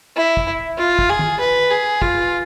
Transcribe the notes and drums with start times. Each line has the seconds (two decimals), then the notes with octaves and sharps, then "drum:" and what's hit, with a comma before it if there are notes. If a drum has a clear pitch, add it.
0.16 E4
0.37 drum: kick
0.78 F4
0.99 drum: kick
1.09 G#4
1.19 drum: tom
1.40 B4
1.71 G#4
2.02 F4, drum: kick